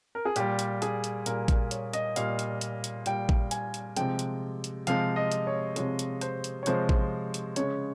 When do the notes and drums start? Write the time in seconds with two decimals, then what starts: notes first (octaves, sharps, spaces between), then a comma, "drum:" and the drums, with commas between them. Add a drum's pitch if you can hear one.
0.15 A#4
0.25 G#4
0.36 A#2 G3 G4, drum: hi-hat
0.59 drum: hi-hat
0.82 G#4, drum: hi-hat
1.04 drum: hi-hat
1.26 A#2 G3 A#4, drum: hi-hat
1.48 A#4, drum: kick A1, hi-hat
1.71 C#5, drum: hi-hat
1.93 D#5, drum: hi-hat
2.16 A#2 G3 F5, drum: hi-hat
2.39 drum: hi-hat
2.61 drum: hi-hat
2.84 drum: hi-hat
3.06 A#2 G3 G5, drum: hi-hat
3.29 drum: kick A1
3.51 G#5, drum: hi-hat
3.74 drum: hi-hat
3.97 C3 F3 G#3 G5, drum: hi-hat
4.19 drum: hi-hat
4.64 drum: hi-hat
4.87 C3 F3 G#3 F5, drum: hi-hat
5.16 D#5
5.32 drum: hi-hat
5.47 C#5
5.76 C3 F3 G#3 C#5, drum: hi-hat
5.99 drum: hi-hat
6.21 C5, drum: hi-hat
6.44 drum: hi-hat
6.63 C#5
6.66 C3 F3 G#3 C5, drum: hi-hat
6.89 drum: kick A1
7.34 drum: hi-hat
7.56 C#3 G#3 C#5, drum: hi-hat